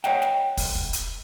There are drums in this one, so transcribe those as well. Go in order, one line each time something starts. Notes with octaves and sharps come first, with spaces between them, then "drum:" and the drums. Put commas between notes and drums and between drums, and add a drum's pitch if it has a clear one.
C#5 D#5 F#5 G5, drum: snare
drum: snare
drum: kick, open hi-hat
drum: kick
drum: hi-hat